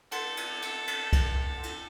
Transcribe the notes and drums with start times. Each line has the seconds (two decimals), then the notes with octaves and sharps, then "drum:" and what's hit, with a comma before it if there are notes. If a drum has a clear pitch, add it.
0.12 A4 F#5 C6, drum: cymbal
0.37 drum: cymbal
0.62 drum: cymbal
0.87 drum: cymbal
1.13 drum: kick C2, cymbal
1.63 drum: cymbal